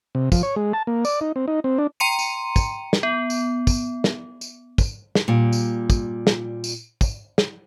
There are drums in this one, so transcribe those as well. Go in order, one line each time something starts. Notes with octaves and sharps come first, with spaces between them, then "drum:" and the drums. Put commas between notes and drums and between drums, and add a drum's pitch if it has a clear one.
C3
F3, drum: kick, tambourine
C#5
G#3
A5
A#3
D5, drum: tambourine
D#4
C4
D#4
C4
D4
G5 A#5 C6 C#7 D#7
drum: tambourine
drum: kick, tambourine
drum: snare
B3
drum: tambourine
drum: kick, tambourine
drum: snare
drum: tambourine
drum: kick, tambourine
drum: snare
A#2 G3
drum: tambourine
drum: kick, tambourine
drum: snare
drum: tambourine
drum: kick, tambourine
drum: snare